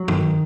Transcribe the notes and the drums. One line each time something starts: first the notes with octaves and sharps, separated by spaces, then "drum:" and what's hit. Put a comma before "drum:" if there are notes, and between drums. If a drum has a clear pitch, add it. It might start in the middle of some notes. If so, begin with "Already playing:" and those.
Already playing: F#3
D#3, drum: tom